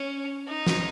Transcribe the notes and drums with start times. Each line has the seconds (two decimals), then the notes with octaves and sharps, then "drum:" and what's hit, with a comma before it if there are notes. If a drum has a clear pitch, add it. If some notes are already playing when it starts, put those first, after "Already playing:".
Already playing: C#4
0.47 D#4
0.67 drum: snare